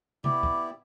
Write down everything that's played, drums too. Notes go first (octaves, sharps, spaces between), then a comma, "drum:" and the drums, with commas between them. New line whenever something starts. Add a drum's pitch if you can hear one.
B3 E4 G4 D5, drum: tom C3
drum: kick